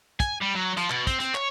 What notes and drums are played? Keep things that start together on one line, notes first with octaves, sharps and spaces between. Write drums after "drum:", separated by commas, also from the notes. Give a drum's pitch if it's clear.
G#5, drum: kick, hi-hat
G3
F#3
F3, drum: hi-hat
B2, drum: clap
C4, drum: kick, hi-hat
C4, drum: hi-hat
C#5, drum: clap